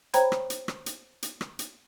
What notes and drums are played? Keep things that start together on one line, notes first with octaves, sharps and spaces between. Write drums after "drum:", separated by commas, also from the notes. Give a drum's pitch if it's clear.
C5 C#5 G5 A#5 B5 G#6, drum: hi-hat
drum: rim click
drum: hi-hat
drum: rim click
drum: hi-hat
drum: hi-hat
drum: rim click
drum: hi-hat